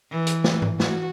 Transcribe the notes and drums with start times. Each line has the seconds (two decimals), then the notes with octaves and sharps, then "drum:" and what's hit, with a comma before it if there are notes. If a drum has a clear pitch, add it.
0.11 E3
0.27 drum: hi-hat
0.44 drum: snare
0.62 drum: tom
0.80 F#4, drum: snare